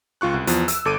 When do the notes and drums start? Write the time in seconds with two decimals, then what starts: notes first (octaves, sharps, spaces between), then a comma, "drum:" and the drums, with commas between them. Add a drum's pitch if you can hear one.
0.21 C#2 F4 C#6 F#6
0.34 C2
0.47 E2 F3, drum: hi-hat
0.68 E6, drum: hi-hat
0.85 G1 A4 D6 D7 D#7